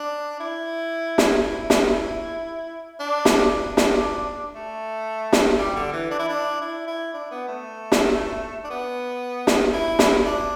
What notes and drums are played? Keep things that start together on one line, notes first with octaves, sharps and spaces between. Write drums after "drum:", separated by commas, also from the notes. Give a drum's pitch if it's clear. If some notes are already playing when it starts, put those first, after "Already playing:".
Already playing: D4
E4
drum: snare
E4
drum: snare
D4
drum: snare
D4
drum: snare
A3
drum: snare
G3
D3
E3
D4
E4
D4
E4
E4
D4
B3
A3
drum: snare
D4
B3
drum: snare
E4
drum: snare
D4